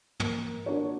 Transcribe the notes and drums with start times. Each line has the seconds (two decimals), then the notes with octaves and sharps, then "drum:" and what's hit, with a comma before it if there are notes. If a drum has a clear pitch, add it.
0.20 A#3, drum: tom
0.66 D4 F#4 A#4 C#5